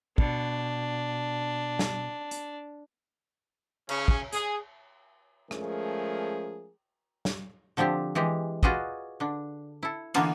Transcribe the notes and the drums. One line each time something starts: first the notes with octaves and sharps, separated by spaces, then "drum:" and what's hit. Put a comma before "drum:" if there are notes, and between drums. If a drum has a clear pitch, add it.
B2 D4, drum: kick
drum: snare
drum: hi-hat
C#3 C#4, drum: cymbal
drum: kick
G#4, drum: hi-hat
F3 G#3 A3 C#4 G#4 A#4, drum: rim click
drum: snare
D3 F3 C4 D4 G4
E3 G#3 G4
F4 F#4 G#4 B4 D5 D#5, drum: kick
D3 D4
E4 A4
D3 E3 A#3 B3 D4 F4, drum: cymbal